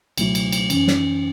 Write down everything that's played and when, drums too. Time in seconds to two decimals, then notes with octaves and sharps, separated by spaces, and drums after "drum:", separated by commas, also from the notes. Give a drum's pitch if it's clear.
0.18 C#2 B2 F#3 A3 E4, drum: cymbal
0.35 drum: cymbal
0.52 drum: cymbal
0.70 F#2 E3 C#4, drum: cymbal
0.88 drum: snare